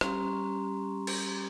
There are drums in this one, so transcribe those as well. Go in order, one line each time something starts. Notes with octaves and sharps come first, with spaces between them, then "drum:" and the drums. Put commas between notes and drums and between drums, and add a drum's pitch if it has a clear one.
G3 C#4 G4 A#5 C6 C#6, drum: rim click
drum: cymbal